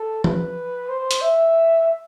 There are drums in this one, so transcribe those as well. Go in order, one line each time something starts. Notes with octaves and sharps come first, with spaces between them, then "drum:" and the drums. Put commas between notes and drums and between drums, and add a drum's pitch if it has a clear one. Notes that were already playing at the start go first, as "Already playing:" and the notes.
Already playing: A4
B4, drum: tom F3
C5
drum: hi-hat
E5